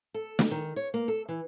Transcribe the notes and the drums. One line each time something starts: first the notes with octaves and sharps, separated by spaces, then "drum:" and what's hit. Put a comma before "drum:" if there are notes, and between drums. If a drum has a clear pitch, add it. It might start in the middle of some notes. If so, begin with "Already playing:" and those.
A4
drum: snare
D#3
C#5
A#3
A4
E3